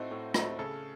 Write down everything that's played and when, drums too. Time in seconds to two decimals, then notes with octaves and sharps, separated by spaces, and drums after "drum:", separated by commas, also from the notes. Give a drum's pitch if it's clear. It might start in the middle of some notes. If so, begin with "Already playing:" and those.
Already playing: A2 A3 C4 D#4 F#4
0.11 A2
0.34 A3 C4 D#4, drum: rim click
0.59 C#3 A4